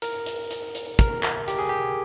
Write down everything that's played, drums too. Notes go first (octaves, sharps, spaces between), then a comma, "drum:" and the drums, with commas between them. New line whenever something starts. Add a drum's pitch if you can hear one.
A#4, drum: hi-hat
drum: hi-hat
drum: hi-hat
drum: hi-hat
A#4, drum: kick, hi-hat
drum: clap
G4, drum: hi-hat
G#4
G4